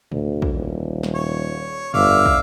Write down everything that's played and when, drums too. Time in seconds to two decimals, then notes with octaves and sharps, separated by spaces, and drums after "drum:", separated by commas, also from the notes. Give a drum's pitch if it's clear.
0.12 D2, drum: tom A2
0.42 drum: kick
0.54 D#1
1.03 drum: snare
1.15 C#5
1.94 G1 D5 E5 F5, drum: tom F2
2.26 drum: kick